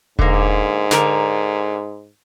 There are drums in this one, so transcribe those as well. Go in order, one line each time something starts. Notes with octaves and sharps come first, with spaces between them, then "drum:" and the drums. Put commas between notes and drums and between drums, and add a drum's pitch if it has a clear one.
G#2 D3 A#3, drum: kick E1
D3 A#4, drum: snare